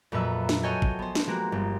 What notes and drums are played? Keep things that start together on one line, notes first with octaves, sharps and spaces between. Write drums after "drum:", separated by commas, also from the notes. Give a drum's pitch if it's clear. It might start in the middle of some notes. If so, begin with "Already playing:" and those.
F2 A#2 F#3 B4 E5 E6
drum: snare
F#4 A4 C#5 D#5 G5 G#5
drum: kick G#1
B3 C5
drum: snare
F3 G#3 A#3 F#4 G4
G1